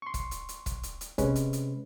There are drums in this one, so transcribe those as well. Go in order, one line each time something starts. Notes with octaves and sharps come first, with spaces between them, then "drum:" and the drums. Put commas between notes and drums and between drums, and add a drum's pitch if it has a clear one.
C6 C#6
drum: kick, hi-hat
drum: hi-hat
drum: hi-hat
drum: kick, hi-hat
drum: hi-hat
drum: hi-hat
C3 G#3 C#4 B4, drum: kick, hi-hat
drum: hi-hat
drum: hi-hat